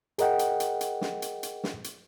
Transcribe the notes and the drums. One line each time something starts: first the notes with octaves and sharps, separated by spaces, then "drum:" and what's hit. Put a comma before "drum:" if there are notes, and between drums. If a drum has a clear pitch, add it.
G#4 A#4 D#5 F#5 G5, drum: hi-hat
drum: hi-hat
drum: hi-hat
drum: hi-hat
drum: snare
drum: hi-hat
drum: hi-hat
drum: snare
drum: hi-hat